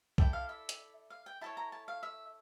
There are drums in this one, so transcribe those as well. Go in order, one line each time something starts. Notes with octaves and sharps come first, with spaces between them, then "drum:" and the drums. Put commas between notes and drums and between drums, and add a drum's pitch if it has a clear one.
E4 A4 D5 G5, drum: kick B1
F5
E5
drum: hi-hat
F5
G5
E4 A4 C#5 A5
A#5
A5
F5
E5